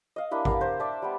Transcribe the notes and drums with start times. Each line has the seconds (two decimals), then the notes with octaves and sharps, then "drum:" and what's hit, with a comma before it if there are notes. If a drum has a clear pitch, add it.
0.16 D#5 F5
0.31 A#3 D4 E4 G4
0.45 B3 G4 A#4 F5, drum: kick A1
0.60 A#4 C5
0.80 D5 E5 A5
1.02 G3 B3